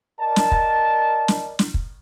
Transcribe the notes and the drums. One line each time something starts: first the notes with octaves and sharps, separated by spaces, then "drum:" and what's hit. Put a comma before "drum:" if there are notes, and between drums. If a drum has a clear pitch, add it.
A#4 D5 D#5 A5
drum: snare
drum: kick
drum: snare
drum: snare
drum: kick